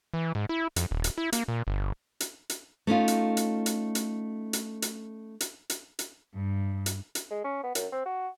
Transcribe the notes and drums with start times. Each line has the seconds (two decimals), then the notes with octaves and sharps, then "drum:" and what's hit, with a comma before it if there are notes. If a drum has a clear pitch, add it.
0.14 E3
0.35 G#2
0.49 E4
0.76 F2, drum: hi-hat
0.91 D#1
1.04 drum: hi-hat
1.18 E4
1.33 A#3, drum: hi-hat
1.48 A#2
1.67 G1
2.20 drum: hi-hat
2.50 drum: hi-hat
2.87 A3 C#4 D#4 F4
3.08 drum: hi-hat
3.37 drum: hi-hat
3.66 drum: hi-hat
3.95 drum: hi-hat
4.53 drum: hi-hat
4.82 drum: hi-hat
5.40 drum: hi-hat
5.70 drum: hi-hat
5.99 drum: hi-hat
6.35 G2
6.86 drum: hi-hat
7.15 drum: hi-hat
7.31 G#3
7.44 C#4
7.63 B3
7.75 F#2, drum: hi-hat
7.92 C4
8.06 F#4